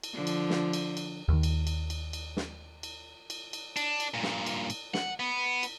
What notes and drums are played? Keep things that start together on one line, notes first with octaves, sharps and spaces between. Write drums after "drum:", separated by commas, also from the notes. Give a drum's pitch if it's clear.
drum: cymbal
D3 F3
drum: cymbal
drum: snare
drum: cymbal
drum: cymbal
D#2 D#3
drum: cymbal
drum: cymbal
drum: cymbal
drum: cymbal
drum: snare
drum: cymbal
drum: cymbal
drum: cymbal
D4, drum: cymbal
drum: cymbal
G2 A#2
drum: snare
drum: cymbal
drum: cymbal
F#5, drum: snare
B3
drum: cymbal